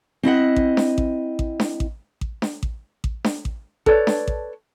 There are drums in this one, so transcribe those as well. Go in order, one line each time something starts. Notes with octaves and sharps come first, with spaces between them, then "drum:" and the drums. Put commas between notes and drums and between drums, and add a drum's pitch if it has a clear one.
C4 E4 D#5 F#5
drum: kick A1
drum: snare D4
drum: kick A1
drum: kick A1
drum: snare D4
drum: kick A1
drum: kick A1
drum: snare D4
drum: kick A1
drum: kick A1
drum: snare D4
drum: kick A1
A4 B4 C#5 D5, drum: kick A1
drum: snare D4
drum: kick A1